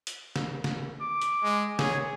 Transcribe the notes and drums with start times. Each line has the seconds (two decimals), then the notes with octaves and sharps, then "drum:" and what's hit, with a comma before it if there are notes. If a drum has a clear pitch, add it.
0.07 drum: hi-hat
0.36 drum: snare
0.64 drum: snare
1.01 D6
1.22 drum: hi-hat
1.43 G#3
1.79 G#4 C#5, drum: snare